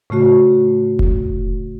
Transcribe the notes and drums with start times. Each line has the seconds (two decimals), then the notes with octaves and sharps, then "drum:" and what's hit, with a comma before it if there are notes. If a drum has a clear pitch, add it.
0.10 A2 C#3 A3 F#4
0.99 drum: kick F1